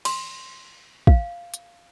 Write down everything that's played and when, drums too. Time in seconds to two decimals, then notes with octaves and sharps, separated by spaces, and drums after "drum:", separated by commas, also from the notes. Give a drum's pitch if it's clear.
0.05 C6, drum: cymbal
1.07 F5, drum: kick
1.54 drum: hi-hat